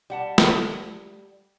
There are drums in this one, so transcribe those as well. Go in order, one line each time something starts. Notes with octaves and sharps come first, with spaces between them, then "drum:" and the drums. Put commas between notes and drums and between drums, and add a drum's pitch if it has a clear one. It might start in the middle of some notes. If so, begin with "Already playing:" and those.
G3 F#5 A5
drum: snare